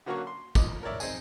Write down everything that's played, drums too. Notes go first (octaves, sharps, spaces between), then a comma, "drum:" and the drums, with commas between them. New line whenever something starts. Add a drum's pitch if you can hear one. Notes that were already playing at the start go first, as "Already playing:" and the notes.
D3 F#3 A#3 C#4 F#4 C#6
C6
A#2 D#5 D6, drum: kick, tambourine
A#4 C#5 D5 E5
C4 D#4 G#4 G#5, drum: tambourine